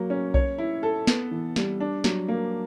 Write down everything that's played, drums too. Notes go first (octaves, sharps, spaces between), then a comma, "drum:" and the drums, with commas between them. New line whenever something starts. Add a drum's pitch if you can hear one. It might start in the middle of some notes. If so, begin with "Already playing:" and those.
Already playing: F#3 A#3
C#4
C#5, drum: kick B1
E4
A4
B3, drum: snare
E3
G3, drum: snare
D4
F#3, drum: snare
A#3